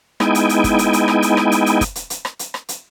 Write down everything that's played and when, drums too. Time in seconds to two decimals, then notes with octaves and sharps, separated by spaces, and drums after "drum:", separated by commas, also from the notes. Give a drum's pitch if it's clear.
0.20 G#3 B3 D#4 E4 G5 G#5, drum: rim click
0.35 drum: hi-hat
0.49 drum: hi-hat
0.64 drum: kick, hi-hat
0.79 drum: hi-hat
0.93 drum: hi-hat
1.08 drum: rim click
1.22 drum: hi-hat
1.37 drum: rim click
1.52 drum: hi-hat
1.66 drum: hi-hat
1.81 drum: kick, hi-hat
1.95 drum: hi-hat
2.10 drum: hi-hat
2.25 drum: rim click
2.39 drum: hi-hat
2.54 drum: rim click
2.69 drum: hi-hat